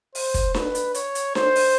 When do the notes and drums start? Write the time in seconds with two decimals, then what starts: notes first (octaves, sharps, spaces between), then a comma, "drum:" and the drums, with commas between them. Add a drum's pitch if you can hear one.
0.15 C5, drum: open hi-hat
0.34 drum: kick, hi-hat
0.54 B4, drum: snare D4
0.75 drum: hi-hat
0.95 C#5, drum: hi-hat
1.15 drum: hi-hat
1.35 C5, drum: snare D4
1.55 drum: open hi-hat